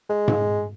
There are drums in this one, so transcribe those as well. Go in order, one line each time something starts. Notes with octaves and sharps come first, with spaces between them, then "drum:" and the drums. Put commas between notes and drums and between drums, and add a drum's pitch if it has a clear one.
G#3
drum: tom G#2